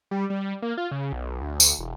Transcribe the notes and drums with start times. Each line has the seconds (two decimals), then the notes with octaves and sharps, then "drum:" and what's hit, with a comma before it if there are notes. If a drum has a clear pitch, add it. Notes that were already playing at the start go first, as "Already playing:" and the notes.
0.11 G3
0.30 G3
0.62 A#3
0.77 F4
0.91 C#3
1.13 B1
1.41 D2
1.60 drum: tambourine
1.79 E1